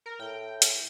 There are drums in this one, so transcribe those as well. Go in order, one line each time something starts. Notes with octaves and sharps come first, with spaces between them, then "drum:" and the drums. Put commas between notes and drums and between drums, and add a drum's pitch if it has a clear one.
A#4
A2 G5
drum: hi-hat